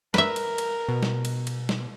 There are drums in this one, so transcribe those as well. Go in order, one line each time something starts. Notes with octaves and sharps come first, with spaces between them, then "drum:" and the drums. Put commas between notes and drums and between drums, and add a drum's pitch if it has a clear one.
A#4 B4 E5, drum: snare
drum: cymbal
drum: cymbal
B2
drum: snare
drum: cymbal
drum: cymbal
drum: snare